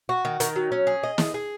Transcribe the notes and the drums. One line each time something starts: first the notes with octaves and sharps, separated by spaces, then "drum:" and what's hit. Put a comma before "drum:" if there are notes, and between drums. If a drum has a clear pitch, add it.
F#4
D#3
D#3, drum: hi-hat
F#3
C#4
G#4
D#5
G#4, drum: snare
G#4